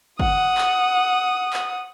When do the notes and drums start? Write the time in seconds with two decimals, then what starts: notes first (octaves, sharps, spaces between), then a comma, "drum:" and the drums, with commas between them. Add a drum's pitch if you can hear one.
0.20 F#5 D#6, drum: kick
0.58 drum: clap
1.53 drum: clap